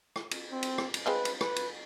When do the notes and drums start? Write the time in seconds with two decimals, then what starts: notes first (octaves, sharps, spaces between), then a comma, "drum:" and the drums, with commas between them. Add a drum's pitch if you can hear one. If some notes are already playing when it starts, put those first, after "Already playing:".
0.16 drum: rim click
0.31 drum: cymbal
0.52 C4
0.63 drum: cymbal
0.78 drum: rim click
0.94 drum: cymbal
1.06 G#3 C4 F4 B4
1.25 drum: cymbal
1.41 B4, drum: rim click
1.56 drum: cymbal